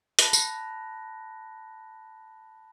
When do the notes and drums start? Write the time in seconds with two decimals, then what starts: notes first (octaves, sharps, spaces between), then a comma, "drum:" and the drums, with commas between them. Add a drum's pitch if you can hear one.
0.19 A5 B5 F#6 A#6, drum: hi-hat
0.33 drum: tambourine